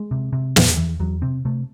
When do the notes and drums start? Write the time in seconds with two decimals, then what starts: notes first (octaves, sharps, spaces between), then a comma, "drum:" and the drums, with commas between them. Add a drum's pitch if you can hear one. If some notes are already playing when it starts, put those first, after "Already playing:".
Already playing: G#3
0.11 C3
0.33 C3
0.56 E2, drum: snare
0.77 E2 E3
1.00 E2 F#3
1.22 C3 C4
1.45 C3 A3